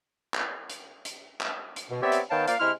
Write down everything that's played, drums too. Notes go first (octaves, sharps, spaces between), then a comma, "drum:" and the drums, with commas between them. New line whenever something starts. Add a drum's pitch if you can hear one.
drum: clap
drum: hi-hat
drum: hi-hat
drum: clap
drum: hi-hat
B2
B3 C4 G4 C#5 D5 E5
drum: hi-hat
D#3 B3 C#5 F5 G5 A5
A#3 F4 C5 D5 F5, drum: hi-hat
C3 G#3 E4 C6 F6